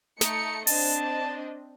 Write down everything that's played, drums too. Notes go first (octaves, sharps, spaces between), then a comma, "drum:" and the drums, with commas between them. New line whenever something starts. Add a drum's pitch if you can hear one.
A3 D#4 C#7, drum: snare
C4 D4 D#5 A5, drum: open hi-hat